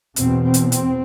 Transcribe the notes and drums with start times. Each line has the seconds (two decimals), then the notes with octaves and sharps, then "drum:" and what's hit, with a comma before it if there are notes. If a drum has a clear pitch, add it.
0.16 E2 B2 C4, drum: hi-hat
0.44 C4
0.54 drum: hi-hat
0.72 C4, drum: hi-hat